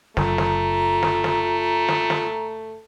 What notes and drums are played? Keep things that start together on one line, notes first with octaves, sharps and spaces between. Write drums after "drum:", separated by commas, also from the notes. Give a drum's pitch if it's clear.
F#1 A3 F4 A#5, drum: snare
drum: snare
drum: snare
drum: snare
drum: snare
drum: snare